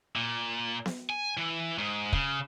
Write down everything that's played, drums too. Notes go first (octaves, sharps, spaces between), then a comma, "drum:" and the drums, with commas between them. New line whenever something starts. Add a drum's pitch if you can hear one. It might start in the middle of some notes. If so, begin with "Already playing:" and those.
A#2
drum: snare B3
G#5
E3
G#2
C#3, drum: kick